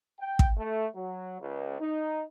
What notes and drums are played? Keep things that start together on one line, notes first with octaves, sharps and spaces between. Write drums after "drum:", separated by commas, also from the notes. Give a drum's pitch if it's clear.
G5
drum: kick
A3
F#3
C#2
D#4